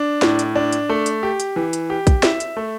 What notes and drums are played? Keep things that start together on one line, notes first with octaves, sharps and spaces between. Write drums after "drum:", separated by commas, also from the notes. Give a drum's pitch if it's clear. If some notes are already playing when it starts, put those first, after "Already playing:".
Already playing: D4
A2, drum: snare
drum: hi-hat
D4
drum: hi-hat
A3
drum: hi-hat
G4
drum: hi-hat
E3
drum: hi-hat
G4
drum: kick A#1, hi-hat
E5, drum: snare
drum: hi-hat
A3